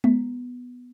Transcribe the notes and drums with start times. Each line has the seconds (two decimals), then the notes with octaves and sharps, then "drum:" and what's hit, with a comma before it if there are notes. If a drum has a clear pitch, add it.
0.04 B3, drum: tom G#3